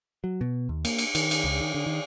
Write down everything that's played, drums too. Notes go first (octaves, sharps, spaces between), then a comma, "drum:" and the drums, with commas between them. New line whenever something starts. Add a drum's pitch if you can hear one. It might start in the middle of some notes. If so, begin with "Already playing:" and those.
F#3
B2
D#2
A#3, drum: cymbal
drum: cymbal
D#3, drum: cymbal
drum: cymbal
C#2
D#3
D3
D#3